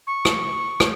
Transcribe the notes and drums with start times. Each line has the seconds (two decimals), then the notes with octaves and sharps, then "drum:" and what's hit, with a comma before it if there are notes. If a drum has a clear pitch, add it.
0.07 C#6
0.25 drum: rim click
0.80 drum: rim click